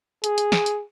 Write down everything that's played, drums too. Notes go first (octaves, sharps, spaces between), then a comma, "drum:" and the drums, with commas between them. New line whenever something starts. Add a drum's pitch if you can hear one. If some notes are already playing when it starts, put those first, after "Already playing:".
G#4, drum: hi-hat
drum: hi-hat
drum: snare
drum: hi-hat